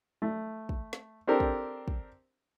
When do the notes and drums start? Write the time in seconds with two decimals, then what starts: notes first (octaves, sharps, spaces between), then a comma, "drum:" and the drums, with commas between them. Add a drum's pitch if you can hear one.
0.22 A3
0.69 drum: kick
0.93 drum: snare
1.27 C4 D4 G4 A4 A#4
1.40 drum: kick
1.88 drum: kick